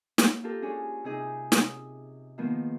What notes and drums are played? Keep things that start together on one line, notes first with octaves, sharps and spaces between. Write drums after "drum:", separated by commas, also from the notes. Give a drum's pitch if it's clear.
A#3, drum: snare
F4 G4 A4 A#4
C#4 D4 G#4 C#5
C3 D#4 G#4
D#6, drum: snare
D#3 F3 A#3 B3